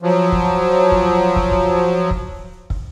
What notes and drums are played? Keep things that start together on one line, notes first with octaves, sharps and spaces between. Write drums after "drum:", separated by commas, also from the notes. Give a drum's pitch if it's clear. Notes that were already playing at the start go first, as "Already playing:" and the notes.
F3 F#3
drum: kick
drum: kick
drum: kick
drum: kick
drum: kick
drum: kick